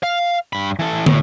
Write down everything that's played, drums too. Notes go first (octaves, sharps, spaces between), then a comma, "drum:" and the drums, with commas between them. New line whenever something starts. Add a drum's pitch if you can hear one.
F5
G2 B5
E3 A4
A2, drum: tom